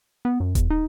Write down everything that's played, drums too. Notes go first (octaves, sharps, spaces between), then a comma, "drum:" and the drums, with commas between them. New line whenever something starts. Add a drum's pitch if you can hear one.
B3
F#2
E2, drum: kick D#1, hi-hat
D#4